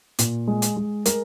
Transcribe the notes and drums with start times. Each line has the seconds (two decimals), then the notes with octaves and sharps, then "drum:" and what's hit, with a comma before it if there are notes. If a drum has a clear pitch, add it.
0.19 A#2, drum: hi-hat
0.47 G#3
0.62 drum: hi-hat
0.77 G#3
1.06 G#3 A#4, drum: hi-hat